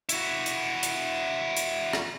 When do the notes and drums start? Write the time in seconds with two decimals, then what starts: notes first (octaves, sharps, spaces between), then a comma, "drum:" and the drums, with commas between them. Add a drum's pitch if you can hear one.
0.09 E4 F#4, drum: hi-hat
0.46 drum: hi-hat
0.83 drum: hi-hat
1.57 drum: hi-hat
1.93 drum: rim click